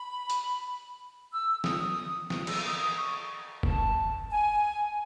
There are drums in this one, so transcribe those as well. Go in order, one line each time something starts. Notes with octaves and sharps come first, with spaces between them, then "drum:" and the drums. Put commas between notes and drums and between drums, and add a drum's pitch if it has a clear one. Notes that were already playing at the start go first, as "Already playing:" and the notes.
Already playing: B5
drum: hi-hat
E6
D#6, drum: snare
D#6, drum: snare
E6, drum: cymbal
D#6
D#6
C#6
A5, drum: kick
G#5